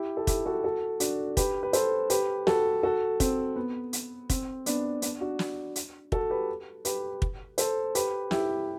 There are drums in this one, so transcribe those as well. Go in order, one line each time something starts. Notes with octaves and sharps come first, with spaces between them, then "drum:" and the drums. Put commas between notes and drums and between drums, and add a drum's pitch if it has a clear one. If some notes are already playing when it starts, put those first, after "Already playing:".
Already playing: E4 G4
A4
E4 G4, drum: kick, hi-hat
F#4 A4
F#4 A4
D4 F#4, drum: hi-hat
G4 B4, drum: kick, hi-hat
B4
A4 C5, drum: hi-hat
G4 B4, drum: hi-hat
F#4 A4, drum: snare
F#4 A4
C4, drum: kick, hi-hat
B3
drum: hi-hat
C4, drum: kick, hi-hat
B3 D4, drum: hi-hat
B3 D4, drum: hi-hat
D4 F#4
drum: snare
drum: hi-hat
F#4 A4, drum: kick
G4 B4
G4 B4, drum: hi-hat
drum: kick
A4 C5, drum: hi-hat
G4 B4, drum: hi-hat
E4 G4, drum: snare